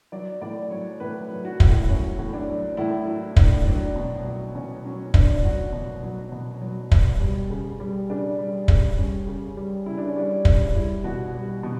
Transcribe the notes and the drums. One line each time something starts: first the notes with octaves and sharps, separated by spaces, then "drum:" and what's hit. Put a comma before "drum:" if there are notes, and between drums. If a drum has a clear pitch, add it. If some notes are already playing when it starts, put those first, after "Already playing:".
F#3 D5
A2 D5
F#3 C#5
A2 B4
F#3
F#4
A2, drum: kick
E4
F#3 C#4
A2
D4
F#3
A2 E4
F#3 E4
A2 D4, drum: kick
F#3 D4
B2
F#3
B2 C#4
F#3 C#4
B2 D4, drum: kick
F#3 F#4
B2
F#3
B2
F#3
B2, drum: kick
G3
C#3
G3
C#3 D4
G3
C#3, drum: kick
G3 C#4
C#3
G3
C#3 E4
D4
C#4
G3 D4
C#3, drum: kick
G3 E4
B2 F#4
G3
B2